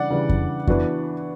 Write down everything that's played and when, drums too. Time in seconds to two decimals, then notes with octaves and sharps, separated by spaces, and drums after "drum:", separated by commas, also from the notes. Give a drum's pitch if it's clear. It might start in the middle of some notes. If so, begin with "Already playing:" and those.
Already playing: C#3 E3 G3 D4 D5 F#5
0.10 C#3 E3 G3 D4
0.29 drum: kick F2
0.67 E3 B3 D4 F#4, drum: kick F2